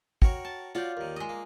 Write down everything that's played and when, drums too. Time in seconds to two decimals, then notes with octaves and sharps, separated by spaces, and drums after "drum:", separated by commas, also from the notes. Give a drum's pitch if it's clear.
0.22 F#4 A#4 C#5 G5 C#6, drum: kick
0.45 A5
0.75 F4 F#4 C#5 D5 F5 G6
0.97 D#2 D#3 A#4
1.16 G#3 D#5
1.29 A#3